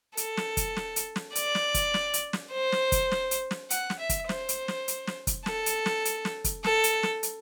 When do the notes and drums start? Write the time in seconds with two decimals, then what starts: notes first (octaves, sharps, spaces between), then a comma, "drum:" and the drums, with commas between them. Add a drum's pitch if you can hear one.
0.17 A4, drum: hi-hat
0.37 drum: snare
0.57 drum: kick, hi-hat
0.76 drum: snare
0.96 drum: hi-hat
1.16 drum: snare
1.35 D5, drum: hi-hat
1.55 drum: snare
1.74 drum: kick, hi-hat
1.94 drum: snare
2.14 drum: hi-hat
2.33 drum: snare
2.52 C5
2.72 drum: snare
2.92 drum: kick, hi-hat
3.12 drum: snare
3.31 drum: hi-hat
3.51 drum: snare
3.70 F#5, drum: hi-hat
3.90 drum: snare
3.99 E5
4.09 drum: kick, hi-hat
4.29 C5, drum: snare
4.49 drum: hi-hat
4.68 drum: snare
4.88 drum: hi-hat
5.07 drum: snare
5.27 drum: kick, hi-hat
5.46 A4, drum: snare
5.66 drum: hi-hat
5.86 drum: snare
6.05 drum: hi-hat
6.25 drum: snare
6.44 drum: kick, hi-hat
6.64 A4, drum: snare
6.84 drum: hi-hat
7.03 drum: snare
7.23 drum: hi-hat